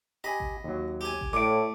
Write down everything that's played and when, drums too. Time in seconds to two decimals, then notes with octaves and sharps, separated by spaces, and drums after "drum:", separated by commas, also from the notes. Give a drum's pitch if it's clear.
0.24 G4 D#5 G#5 B5
0.40 drum: kick G#1
0.64 D#2 F#3
1.01 G4 G#5
1.21 drum: kick G#1
1.33 A2 A3 D5 D6 D7